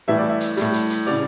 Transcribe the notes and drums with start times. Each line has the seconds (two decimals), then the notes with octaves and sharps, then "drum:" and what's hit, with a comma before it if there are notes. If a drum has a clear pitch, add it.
0.08 A2 E3 G3 E5
0.18 D5
0.29 E5
0.40 drum: hi-hat
0.57 A2 G3, drum: hi-hat
0.73 drum: hi-hat
0.90 drum: hi-hat
1.06 C#3 G3 D5, drum: open hi-hat